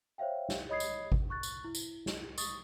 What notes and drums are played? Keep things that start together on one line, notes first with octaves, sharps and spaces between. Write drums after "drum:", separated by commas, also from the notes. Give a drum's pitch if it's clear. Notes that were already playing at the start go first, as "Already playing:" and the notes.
C5 C#5 E5 F5 G5
drum: snare
C#5 D#5 B5 D#6 G#6 C7
drum: tambourine
drum: kick G#1
C#6 F#6 A6
drum: tambourine
E4
drum: tambourine
drum: snare
C#6 D#6 A6, drum: tambourine